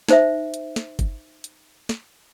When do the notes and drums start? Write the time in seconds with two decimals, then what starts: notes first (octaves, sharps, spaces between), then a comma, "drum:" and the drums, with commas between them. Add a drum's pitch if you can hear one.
0.08 D#4 C5 E5, drum: snare
0.54 drum: hi-hat
0.76 drum: snare
0.99 drum: kick, hi-hat
1.44 drum: hi-hat
1.89 drum: snare